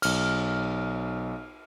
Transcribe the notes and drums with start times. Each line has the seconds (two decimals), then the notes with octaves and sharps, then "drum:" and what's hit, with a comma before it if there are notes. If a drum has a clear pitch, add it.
0.02 B1 F6, drum: cymbal